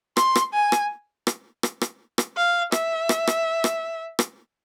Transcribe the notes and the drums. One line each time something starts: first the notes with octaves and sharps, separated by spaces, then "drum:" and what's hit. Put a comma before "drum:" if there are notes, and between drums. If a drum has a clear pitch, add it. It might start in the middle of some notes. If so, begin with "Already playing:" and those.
C6, drum: rim click
drum: rim click
G#5
drum: rim click
drum: rim click
drum: rim click
drum: rim click
drum: rim click
F5
E5, drum: rim click
drum: rim click
drum: rim click
drum: rim click
drum: rim click